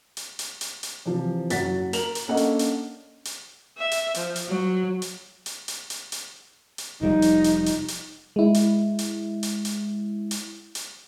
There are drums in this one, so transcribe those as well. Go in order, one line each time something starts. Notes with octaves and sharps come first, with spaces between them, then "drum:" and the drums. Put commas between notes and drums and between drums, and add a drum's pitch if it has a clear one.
drum: hi-hat
drum: hi-hat
drum: hi-hat
drum: hi-hat
C3 E3 F3
F#1 F#3 F#5 A6 B6, drum: hi-hat
A#4 F7 F#7, drum: hi-hat
drum: hi-hat
A#3 C#4 D4 A4 D#5 F#5
drum: hi-hat
drum: hi-hat
drum: hi-hat
E5
drum: hi-hat
F3, drum: hi-hat
drum: hi-hat
F#3
drum: hi-hat
drum: hi-hat
drum: hi-hat
drum: hi-hat
drum: hi-hat
drum: hi-hat
F1 F3 G3 D#4
drum: hi-hat
drum: hi-hat
drum: hi-hat
drum: hi-hat
G#3 E4
drum: hi-hat
drum: hi-hat
drum: hi-hat
drum: hi-hat
drum: hi-hat
drum: hi-hat